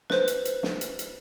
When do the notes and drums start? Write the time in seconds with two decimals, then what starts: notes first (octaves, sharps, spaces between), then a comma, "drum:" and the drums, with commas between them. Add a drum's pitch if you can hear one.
0.10 B4 C5, drum: snare
0.28 drum: hi-hat
0.45 drum: hi-hat
0.63 drum: snare
0.81 drum: hi-hat
0.99 drum: hi-hat